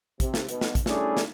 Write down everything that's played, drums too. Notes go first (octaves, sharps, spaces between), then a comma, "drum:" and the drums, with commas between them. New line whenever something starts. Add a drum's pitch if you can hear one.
C3, drum: kick, hi-hat
drum: snare
B2, drum: hi-hat
drum: snare
drum: kick, hi-hat
G3 A3 C#4 D4 E4 G#4, drum: snare
drum: snare